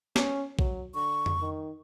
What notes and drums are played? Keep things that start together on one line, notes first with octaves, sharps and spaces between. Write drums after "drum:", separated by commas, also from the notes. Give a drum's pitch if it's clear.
C#4, drum: snare
F#3, drum: kick A#1
D3 C#6
drum: tom F2
D#3